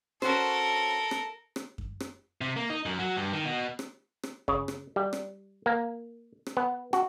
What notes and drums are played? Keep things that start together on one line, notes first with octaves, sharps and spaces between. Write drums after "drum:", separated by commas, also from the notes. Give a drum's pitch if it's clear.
C#4 F#4 A4 A#4 C5, drum: rim click
drum: rim click
drum: rim click
drum: kick F#2
drum: rim click
C3
A#3
D#4
F#2
F#3
G2
D#3
B2
drum: rim click
drum: rim click
C#3, drum: kick F#2
drum: rim click
G3
drum: rim click
A#3
drum: rim click
B3
F#4, drum: rim click